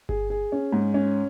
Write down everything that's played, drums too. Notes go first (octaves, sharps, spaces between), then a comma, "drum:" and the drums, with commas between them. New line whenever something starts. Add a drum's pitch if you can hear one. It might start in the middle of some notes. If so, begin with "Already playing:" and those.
G#4, drum: kick G1
G#4
C#4
G#2
C#4